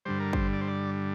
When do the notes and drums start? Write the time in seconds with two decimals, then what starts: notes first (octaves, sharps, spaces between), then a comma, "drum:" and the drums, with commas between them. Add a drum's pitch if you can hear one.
0.05 G2 D3 G3 C5
0.20 A#4
0.33 C5, drum: kick
0.53 D5
0.61 C5
0.68 D5